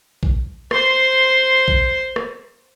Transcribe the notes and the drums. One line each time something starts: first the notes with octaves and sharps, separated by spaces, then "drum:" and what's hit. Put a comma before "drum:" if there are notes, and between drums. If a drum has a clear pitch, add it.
drum: kick
C5 C6, drum: rim click
drum: kick
drum: rim click